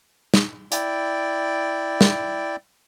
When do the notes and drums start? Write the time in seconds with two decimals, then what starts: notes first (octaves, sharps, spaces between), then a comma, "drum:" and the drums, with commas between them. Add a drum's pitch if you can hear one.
0.34 drum: snare
0.72 E4 D5 G5, drum: hi-hat
2.01 drum: snare